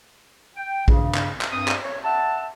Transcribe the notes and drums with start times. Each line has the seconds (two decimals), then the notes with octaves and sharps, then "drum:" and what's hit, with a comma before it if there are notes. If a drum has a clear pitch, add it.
0.56 G5
0.88 G2 C#3, drum: kick A#1
1.14 drum: clap
1.41 drum: clap
1.53 G2 C4 D#6
1.68 drum: clap
1.84 C#5
2.05 E5 F#5 A5